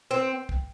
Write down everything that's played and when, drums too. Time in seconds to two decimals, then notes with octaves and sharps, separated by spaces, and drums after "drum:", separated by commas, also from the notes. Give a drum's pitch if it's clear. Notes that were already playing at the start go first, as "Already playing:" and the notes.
0.11 C4
0.49 drum: kick